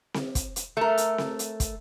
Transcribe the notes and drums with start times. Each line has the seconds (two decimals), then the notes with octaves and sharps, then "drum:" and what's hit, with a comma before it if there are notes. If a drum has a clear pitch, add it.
0.14 drum: snare C4
0.35 drum: kick, hi-hat
0.56 drum: hi-hat
0.77 A3 A#4
0.98 drum: hi-hat
1.18 drum: snare C4
1.39 drum: hi-hat
1.60 drum: kick, hi-hat